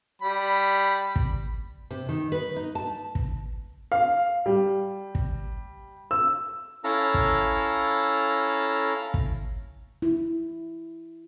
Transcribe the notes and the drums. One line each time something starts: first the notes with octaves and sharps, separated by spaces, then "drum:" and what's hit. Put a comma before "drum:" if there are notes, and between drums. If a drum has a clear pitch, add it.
G3 B5
drum: kick
C3
D#3
B4
D#4
A5
drum: kick
F5
G3
drum: kick
E6
C#4 E4 A4 F5 A#5 E6
drum: kick
drum: kick
E4